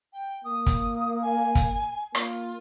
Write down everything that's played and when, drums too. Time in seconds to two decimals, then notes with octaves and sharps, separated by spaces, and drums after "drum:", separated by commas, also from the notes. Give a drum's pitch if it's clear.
0.13 G5
0.45 A#3 D#6
0.66 drum: kick, hi-hat
1.22 G#5
1.55 drum: kick, hi-hat
2.15 A#3 F4, drum: rim click